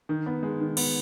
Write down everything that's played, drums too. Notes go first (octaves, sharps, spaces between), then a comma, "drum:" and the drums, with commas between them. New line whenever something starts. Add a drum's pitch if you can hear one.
D#3
B3
G#3
D#3
B3, drum: cymbal